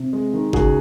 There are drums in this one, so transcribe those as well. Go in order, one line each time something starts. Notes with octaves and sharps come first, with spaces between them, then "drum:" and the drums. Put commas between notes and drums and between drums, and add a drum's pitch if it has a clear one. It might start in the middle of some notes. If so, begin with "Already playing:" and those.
Already playing: C3
G#3
D#3
C#2 F#4 G#4, drum: kick G#1